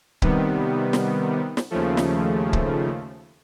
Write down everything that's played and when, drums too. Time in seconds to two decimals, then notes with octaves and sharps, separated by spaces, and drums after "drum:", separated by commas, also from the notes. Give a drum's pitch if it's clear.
0.22 C3 D#3 G3 B3, drum: kick C#1
0.93 drum: snare
1.57 drum: snare
1.71 D#2 C#3 F3 A3
1.97 drum: snare
2.53 drum: kick C#1